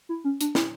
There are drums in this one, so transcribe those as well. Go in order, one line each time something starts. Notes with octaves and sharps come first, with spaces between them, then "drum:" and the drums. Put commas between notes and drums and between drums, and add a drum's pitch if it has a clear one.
E4
C#4
D4, drum: hi-hat
E4, drum: snare